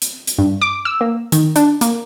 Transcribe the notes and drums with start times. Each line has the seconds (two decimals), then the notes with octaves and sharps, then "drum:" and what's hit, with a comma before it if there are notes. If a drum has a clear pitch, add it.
0.02 drum: hi-hat
0.27 drum: hi-hat
0.38 G2
0.61 D6
0.85 E6
1.01 A#3
1.32 D#3, drum: hi-hat
1.56 D4, drum: hi-hat
1.81 A#3, drum: hi-hat